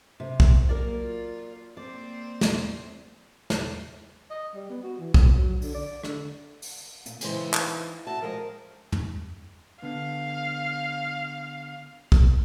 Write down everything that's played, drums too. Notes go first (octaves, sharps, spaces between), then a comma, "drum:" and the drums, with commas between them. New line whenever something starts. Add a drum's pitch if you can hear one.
C3
drum: kick
F#3 A#3 A#4 D5
F4
A#3 C4 C5 D5
drum: snare
drum: snare
D#5
G3
B3
F#4
E3
F3, drum: kick
F#3
D3, drum: open hi-hat
D5
D3, drum: rim click
drum: open hi-hat
A#2, drum: hi-hat
C#3 E3 G#3 C5, drum: cymbal
D#4 D#5 F5, drum: clap
D2 F#4 E5 A5
F3 G#3 A#4 D#5
drum: tom
D3 B3 F5
drum: kick